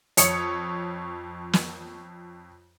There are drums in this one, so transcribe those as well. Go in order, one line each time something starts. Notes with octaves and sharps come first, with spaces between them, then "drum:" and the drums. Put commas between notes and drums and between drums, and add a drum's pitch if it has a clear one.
F2 C#5 D#6 C#7, drum: hi-hat
drum: snare